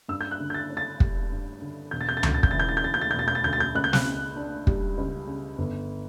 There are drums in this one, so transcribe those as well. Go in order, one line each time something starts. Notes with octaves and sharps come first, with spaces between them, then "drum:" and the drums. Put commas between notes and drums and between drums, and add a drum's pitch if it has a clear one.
G2 E6
G6
F#6
D3
G6
A6
C#4
A6
G3, drum: kick
G2
D3
E1 G6
A6
G6
A6
D2 G6, drum: tom C#2
A6
G6, drum: kick
E3 A6
G6
A6
G6
C#3 A6
G6
A6
E1 G6
A6
G6
A6
D2 G6
A6
G6
C#2 F#6
G6
F#6, drum: snare
C#3
D4
G3, drum: kick
C#2
C#3
G1